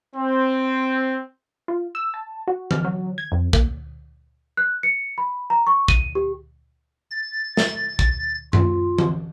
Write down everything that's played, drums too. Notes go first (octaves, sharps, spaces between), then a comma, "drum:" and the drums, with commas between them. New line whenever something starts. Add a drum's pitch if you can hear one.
C4
F4
E6
A5
F#4
F6, drum: tom E3
F#3
G#6
F2
A#3, drum: kick
F#6
C#7
B5
A#5
C#6
D#7, drum: kick
G4
A6
drum: snare
drum: kick
F4, drum: tom F#2
drum: tom E3